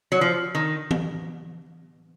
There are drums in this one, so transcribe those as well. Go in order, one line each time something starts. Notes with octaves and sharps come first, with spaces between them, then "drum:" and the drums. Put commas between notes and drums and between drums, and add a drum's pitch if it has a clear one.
F#3
F3
D#3
drum: tom E3